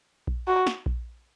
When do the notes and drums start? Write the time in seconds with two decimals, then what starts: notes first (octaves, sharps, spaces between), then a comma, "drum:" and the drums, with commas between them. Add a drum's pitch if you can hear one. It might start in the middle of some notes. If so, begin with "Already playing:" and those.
0.27 drum: kick A#1
0.47 F#4
0.67 drum: snare
0.86 drum: kick A#1